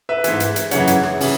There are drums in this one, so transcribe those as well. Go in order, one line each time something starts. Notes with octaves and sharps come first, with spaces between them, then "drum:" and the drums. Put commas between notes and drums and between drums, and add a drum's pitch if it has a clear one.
B4 E5
G#2 E3, drum: hi-hat
drum: hi-hat
drum: hi-hat
F#2 C#3 E3 C#5 F#5, drum: hi-hat
drum: hi-hat
drum: rim click
C#3 E3, drum: open hi-hat